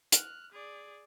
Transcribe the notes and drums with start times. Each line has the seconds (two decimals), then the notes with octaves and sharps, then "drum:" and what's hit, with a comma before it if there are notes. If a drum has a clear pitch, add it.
0.12 F6 F#6, drum: hi-hat
0.53 G#4 D5